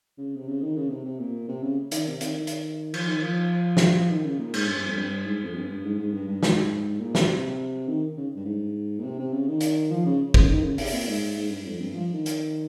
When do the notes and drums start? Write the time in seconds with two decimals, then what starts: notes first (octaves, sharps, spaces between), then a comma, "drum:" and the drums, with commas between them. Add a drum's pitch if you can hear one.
0.18 C#3
0.36 C3
0.48 C#3
0.62 D#3
0.76 C#3
0.90 C3
1.05 C3
1.20 A#2
1.49 C3
1.63 C#3
1.91 D#3, drum: hi-hat
2.07 C3
2.21 D#3, drum: hi-hat
2.35 D#3
2.47 drum: hi-hat
2.94 F3, drum: cymbal
3.08 D#3
3.23 F3
3.77 drum: snare
4.11 D#3
4.25 C#3
4.39 A#2
4.54 G#2, drum: cymbal
4.68 G2
4.78 G2
4.87 F2
4.97 G2
5.26 G#2
5.44 F2
5.55 G2
5.69 G2
5.85 G#2
5.99 G#2
6.14 G2
6.28 G2
6.43 G#2, drum: snare
7.00 A#2
7.15 C3, drum: snare
7.88 D#3
8.17 C#3
8.36 G2
8.45 G#2
8.99 A#2
9.04 C3
9.19 C3
9.33 C#3
9.48 D#3
9.60 drum: hi-hat
9.91 F3
10.06 C#3
10.34 C#3, drum: kick
10.49 D#3
10.64 C#3
10.78 C3, drum: open hi-hat
10.92 A#2
11.07 G#2
11.37 G#2
11.51 G2
11.65 F2
11.80 G2
11.94 F3
12.14 D#3
12.26 drum: hi-hat